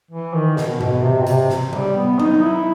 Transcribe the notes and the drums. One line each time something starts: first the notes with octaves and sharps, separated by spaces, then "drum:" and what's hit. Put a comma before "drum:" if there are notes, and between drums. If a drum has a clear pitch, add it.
E3
D#3
B2, drum: snare
B2, drum: tom G#2
C3
B2
C3, drum: hi-hat
drum: snare
G3, drum: tom C3
B3
D#4, drum: tom F#3
E4